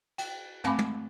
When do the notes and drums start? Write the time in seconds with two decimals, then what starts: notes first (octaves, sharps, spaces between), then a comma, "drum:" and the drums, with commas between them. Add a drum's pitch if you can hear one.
0.18 G5, drum: cymbal
0.64 A3 C4 F5 G#5 B5 D6, drum: tom
0.78 drum: tom